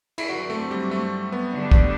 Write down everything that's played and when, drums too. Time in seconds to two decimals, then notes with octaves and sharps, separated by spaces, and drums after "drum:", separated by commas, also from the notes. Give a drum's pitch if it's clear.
0.18 E4, drum: cymbal
0.29 G2 D3 F#3 C4 F#4 G4
0.50 A3
0.71 G3
0.91 A3
1.32 B3
1.52 D3 G3 D4 G4
1.71 drum: kick